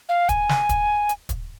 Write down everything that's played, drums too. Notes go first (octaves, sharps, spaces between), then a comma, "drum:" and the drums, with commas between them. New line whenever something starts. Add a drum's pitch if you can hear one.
F5
G#5, drum: kick, hi-hat
drum: snare
drum: kick, hi-hat
drum: hi-hat
drum: kick, hi-hat